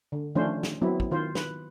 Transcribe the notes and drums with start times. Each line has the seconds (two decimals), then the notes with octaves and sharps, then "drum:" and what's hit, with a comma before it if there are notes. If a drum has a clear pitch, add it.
0.12 D3
0.35 D#3 F3 A3 C#4 D4 C5
0.63 drum: snare
0.82 F#3 B3 C4 E4
1.00 drum: kick
1.11 D#3 F4 C5
1.35 B4, drum: snare